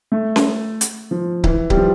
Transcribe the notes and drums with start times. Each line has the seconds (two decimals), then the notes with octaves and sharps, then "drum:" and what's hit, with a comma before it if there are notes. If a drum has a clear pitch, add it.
0.12 A3
0.36 drum: snare C#4
0.81 drum: hi-hat
1.11 F3
1.44 E3, drum: kick C#1
1.70 G3, drum: kick C#1
1.77 F3